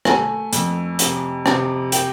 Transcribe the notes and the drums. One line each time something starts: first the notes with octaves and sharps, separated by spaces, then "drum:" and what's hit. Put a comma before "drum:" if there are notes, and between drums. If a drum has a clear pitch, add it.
A3 G#5, drum: rim click
F2, drum: hi-hat
C3, drum: hi-hat
C3, drum: rim click
G5, drum: hi-hat